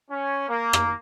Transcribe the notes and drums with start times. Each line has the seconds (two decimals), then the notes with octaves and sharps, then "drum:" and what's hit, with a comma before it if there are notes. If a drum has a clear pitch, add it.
0.11 C#4
0.49 A#3
0.73 drum: rim click